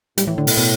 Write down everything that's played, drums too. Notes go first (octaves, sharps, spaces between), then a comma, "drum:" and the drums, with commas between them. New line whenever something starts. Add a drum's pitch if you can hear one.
A2 G3, drum: hi-hat
E3
D3
B2, drum: open hi-hat
B2